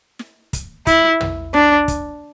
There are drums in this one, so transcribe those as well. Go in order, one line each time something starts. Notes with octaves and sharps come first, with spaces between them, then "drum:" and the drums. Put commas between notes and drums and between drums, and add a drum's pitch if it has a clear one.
drum: snare
drum: kick, hi-hat
E4, drum: kick, hi-hat
drum: tom
D4, drum: snare
drum: kick, hi-hat